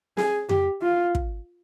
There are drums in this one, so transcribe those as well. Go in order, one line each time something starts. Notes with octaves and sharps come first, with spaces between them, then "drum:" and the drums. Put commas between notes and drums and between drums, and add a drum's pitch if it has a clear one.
G#4, drum: snare
G4, drum: tom F2
F4
drum: kick